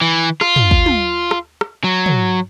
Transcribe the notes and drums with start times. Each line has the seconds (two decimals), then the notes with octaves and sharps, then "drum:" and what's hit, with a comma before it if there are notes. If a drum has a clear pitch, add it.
0.01 E3
0.41 F4, drum: rim click
0.56 drum: tom
0.71 drum: kick
0.86 drum: tom
1.31 drum: rim click
1.61 drum: rim click
1.84 F#3
2.06 drum: tom